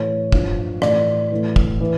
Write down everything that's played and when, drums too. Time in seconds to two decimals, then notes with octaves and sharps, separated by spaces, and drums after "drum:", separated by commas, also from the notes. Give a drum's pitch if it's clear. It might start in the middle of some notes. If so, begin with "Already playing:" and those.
Already playing: A2 E3 C#5
0.32 G2 F3, drum: kick
0.82 A2 E3 D5, drum: rim click
1.31 A2 E3
1.56 drum: kick
1.81 E3